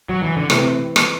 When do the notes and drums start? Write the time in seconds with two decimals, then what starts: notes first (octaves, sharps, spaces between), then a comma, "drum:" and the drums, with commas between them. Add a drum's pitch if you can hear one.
0.09 F#3
0.22 E3
0.37 D3
0.50 C3 E3 A3 C4 E4 B4, drum: rim click
0.96 drum: rim click